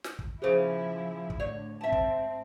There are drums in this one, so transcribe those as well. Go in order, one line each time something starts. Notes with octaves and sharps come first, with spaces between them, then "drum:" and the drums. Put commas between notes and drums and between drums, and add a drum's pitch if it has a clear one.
drum: snare
drum: kick
A#2 C#3 F3 E4 G#4 C5
drum: kick
A2 D3 C#5 D5
G#2 C4 E5 A5
drum: kick